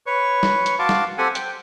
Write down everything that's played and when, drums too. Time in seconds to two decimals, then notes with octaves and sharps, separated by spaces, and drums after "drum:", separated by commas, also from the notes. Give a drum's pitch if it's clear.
0.06 B4 C#5 C#6
0.43 drum: snare
0.66 drum: hi-hat
0.79 F#4 F5 A5 C6 D6
0.89 drum: snare
1.18 C4 G4 A4 F#5 G#5
1.35 G5, drum: hi-hat